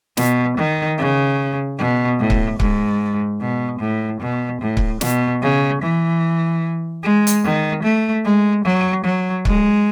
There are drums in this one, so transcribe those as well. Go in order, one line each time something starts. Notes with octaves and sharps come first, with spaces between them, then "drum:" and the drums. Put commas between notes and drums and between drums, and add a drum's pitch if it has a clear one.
B2, drum: snare
D#3
C#3
B2
A2
drum: kick C#1
G#2, drum: kick C#1
B2
A2
B2
A2
drum: kick C#1
B2, drum: snare
C#3
E3
G#3
drum: hi-hat
D#3
A3
G#3
F#3
F#3
G#3, drum: kick C#1